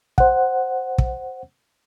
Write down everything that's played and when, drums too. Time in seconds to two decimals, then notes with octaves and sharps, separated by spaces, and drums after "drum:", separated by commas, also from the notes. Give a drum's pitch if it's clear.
0.18 C5 F#5, drum: kick
0.98 drum: kick